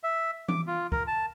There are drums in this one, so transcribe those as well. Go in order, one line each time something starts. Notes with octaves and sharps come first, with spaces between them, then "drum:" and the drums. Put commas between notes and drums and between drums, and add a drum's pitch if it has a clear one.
E5
D6, drum: tom E3
F4
A#4, drum: kick
A5